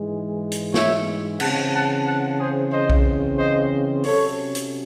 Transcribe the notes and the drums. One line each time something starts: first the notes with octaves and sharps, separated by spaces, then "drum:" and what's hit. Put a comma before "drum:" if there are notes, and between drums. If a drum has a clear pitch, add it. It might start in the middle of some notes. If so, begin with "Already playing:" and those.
Already playing: G#2 E3 G#3
drum: hi-hat
C#5 E5, drum: snare
C#3 E3 C4 F#5 A5, drum: cymbal
F#5 A5
F#5 A5
G#4 C5
C5 D#5
drum: kick B1
C5 D#5
C3 F#3 C#4 A4 C#5, drum: open hi-hat
drum: hi-hat